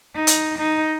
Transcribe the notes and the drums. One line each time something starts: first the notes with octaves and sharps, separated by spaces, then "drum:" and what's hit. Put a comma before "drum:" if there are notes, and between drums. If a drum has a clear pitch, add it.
D#4
drum: hi-hat
D#4